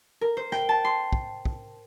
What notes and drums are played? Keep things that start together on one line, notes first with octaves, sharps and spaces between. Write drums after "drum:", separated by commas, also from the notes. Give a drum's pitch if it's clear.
A#4
C5
G5, drum: rim click
A5
C6
drum: kick
drum: kick